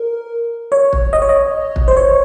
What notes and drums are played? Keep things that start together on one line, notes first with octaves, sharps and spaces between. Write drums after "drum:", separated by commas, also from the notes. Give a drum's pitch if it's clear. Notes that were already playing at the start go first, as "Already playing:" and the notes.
Already playing: A#4
C#5
drum: kick
D#5
C#5
D#5
drum: kick
C5
C#5